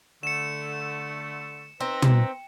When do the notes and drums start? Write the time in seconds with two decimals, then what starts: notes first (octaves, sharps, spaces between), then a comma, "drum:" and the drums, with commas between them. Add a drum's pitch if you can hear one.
0.23 D3 A3 C#7 E7
1.80 C4 D#4 B4 A#5
2.02 drum: tom